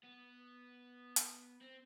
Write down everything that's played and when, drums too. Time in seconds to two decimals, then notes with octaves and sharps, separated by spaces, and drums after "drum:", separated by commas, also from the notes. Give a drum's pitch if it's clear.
0.03 B3
1.16 drum: hi-hat
1.61 C4